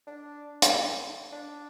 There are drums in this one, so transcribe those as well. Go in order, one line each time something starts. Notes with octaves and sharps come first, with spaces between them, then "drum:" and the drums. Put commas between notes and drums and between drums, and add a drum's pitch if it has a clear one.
D4
drum: hi-hat
D4